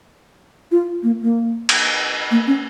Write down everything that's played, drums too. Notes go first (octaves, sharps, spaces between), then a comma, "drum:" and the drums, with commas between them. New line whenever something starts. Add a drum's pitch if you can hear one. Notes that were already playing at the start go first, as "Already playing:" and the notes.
F4
A#3
A#3
drum: cymbal
A#3
C#4